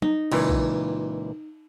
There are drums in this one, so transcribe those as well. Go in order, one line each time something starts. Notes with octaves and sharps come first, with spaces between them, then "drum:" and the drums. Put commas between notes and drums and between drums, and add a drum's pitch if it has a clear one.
D#4, drum: tom
C#2 A#2 E3, drum: cymbal
drum: kick A#1